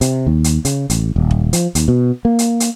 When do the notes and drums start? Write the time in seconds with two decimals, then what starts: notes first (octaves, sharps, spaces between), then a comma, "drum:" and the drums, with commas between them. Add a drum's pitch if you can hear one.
0.01 C3, drum: hi-hat
0.27 D#2
0.44 drum: hi-hat
0.65 C#3, drum: hi-hat
0.90 A1, drum: hi-hat
1.16 D#1
1.31 drum: kick F1
1.53 F3, drum: hi-hat
1.75 D#2, drum: hi-hat
1.88 B2
2.25 A#3
2.39 drum: hi-hat
2.60 drum: hi-hat